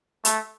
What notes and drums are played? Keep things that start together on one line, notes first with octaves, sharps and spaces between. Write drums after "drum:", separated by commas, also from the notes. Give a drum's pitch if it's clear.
A3, drum: hi-hat